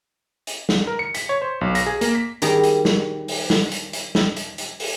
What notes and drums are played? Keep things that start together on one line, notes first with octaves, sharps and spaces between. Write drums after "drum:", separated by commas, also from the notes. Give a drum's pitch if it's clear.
drum: hi-hat
drum: snare
A#4
C#7
B6, drum: hi-hat
C#5
C5
B1
A#6, drum: hi-hat
G#4
A#3, drum: hi-hat
B6
D#3 G3 G#4 A#5, drum: hi-hat
drum: hi-hat
drum: snare
drum: open hi-hat
drum: snare
drum: hi-hat
drum: hi-hat
drum: snare
drum: hi-hat
drum: hi-hat
drum: open hi-hat